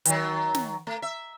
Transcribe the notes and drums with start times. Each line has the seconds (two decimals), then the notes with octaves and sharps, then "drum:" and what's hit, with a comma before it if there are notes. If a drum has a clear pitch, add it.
0.05 D#3 F#3, drum: hi-hat
0.54 drum: snare
0.87 A3
1.02 E5